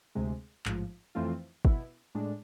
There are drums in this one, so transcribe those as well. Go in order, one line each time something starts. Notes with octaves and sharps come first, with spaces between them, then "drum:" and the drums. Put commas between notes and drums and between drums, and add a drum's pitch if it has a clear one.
D2 C3 G#3
A1 G#2 F3, drum: clap
F2 E3 A3 C4 F4
B2 B3 E4, drum: kick
A2 G#3 D4